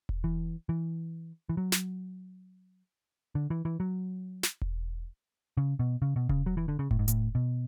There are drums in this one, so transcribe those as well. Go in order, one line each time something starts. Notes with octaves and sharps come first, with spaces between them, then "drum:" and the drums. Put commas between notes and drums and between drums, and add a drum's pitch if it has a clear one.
drum: kick E1
E3
E3
E3
F#3
drum: snare
D3
E3
E3
F#3
drum: snare
drum: kick E1
C#3
B2
C#3
B2
C#3, drum: kick E1
F#3
E3
D3
C#3
A2, drum: kick E1
G#2
A2, drum: hi-hat
B2